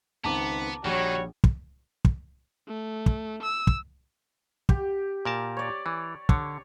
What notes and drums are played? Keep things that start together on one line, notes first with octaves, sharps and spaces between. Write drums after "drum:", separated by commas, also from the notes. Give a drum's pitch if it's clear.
C#2 D#3 B3 C4 A5 A#5 D6
A#1 D#3 G3 F#4 C#5
drum: kick
drum: kick
A3
drum: kick
E6
drum: kick
G4, drum: kick
A#2 A#4 A5
C#5 D5
E3
D3 C#5, drum: kick